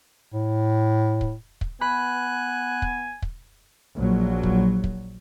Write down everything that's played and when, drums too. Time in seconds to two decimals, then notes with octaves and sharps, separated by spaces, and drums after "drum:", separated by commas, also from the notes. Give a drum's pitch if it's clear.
0.33 A2
1.21 drum: kick
1.61 drum: kick
1.81 B3 G#5 B5 F#6
2.82 drum: kick
3.22 drum: kick
3.96 A#1 F#3
4.43 drum: kick
4.84 drum: kick